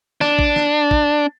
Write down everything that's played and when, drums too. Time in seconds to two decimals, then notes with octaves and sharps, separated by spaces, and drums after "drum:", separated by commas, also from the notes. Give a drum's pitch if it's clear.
0.21 D4, drum: snare
0.39 drum: kick
0.56 drum: snare
0.91 drum: kick